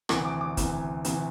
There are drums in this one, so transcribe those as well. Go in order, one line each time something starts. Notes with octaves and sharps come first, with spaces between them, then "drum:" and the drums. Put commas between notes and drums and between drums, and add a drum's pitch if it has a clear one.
D2 C3 E3 D6, drum: rim click
D6
D6
D2 C3 E3, drum: kick, hi-hat
D2 C3 E3, drum: hi-hat